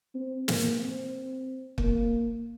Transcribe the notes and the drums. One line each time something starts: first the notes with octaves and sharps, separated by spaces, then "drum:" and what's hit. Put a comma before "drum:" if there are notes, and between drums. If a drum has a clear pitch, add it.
C4
A#3, drum: snare
C4
A#3, drum: kick